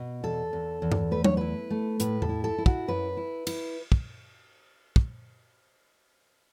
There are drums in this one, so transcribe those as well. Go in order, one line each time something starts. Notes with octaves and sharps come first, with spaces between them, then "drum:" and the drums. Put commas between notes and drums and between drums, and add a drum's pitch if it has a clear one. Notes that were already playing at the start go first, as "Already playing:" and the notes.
Already playing: B2
E2 A4
E2
E2
drum: tom G2
A3 B4
C#5, drum: tom F#3
E4 B4
A3
A2 B4, drum: hi-hat
A4, drum: tom E2
E4
A4
E4
F#4, drum: kick
F#2 B4
E4
E4, drum: cymbal
drum: kick
drum: kick